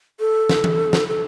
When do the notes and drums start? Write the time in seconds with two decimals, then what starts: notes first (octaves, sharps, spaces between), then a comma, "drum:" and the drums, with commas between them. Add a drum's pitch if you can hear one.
0.20 A4
0.49 drum: snare
0.64 drum: tom E3
0.93 drum: snare
1.08 A4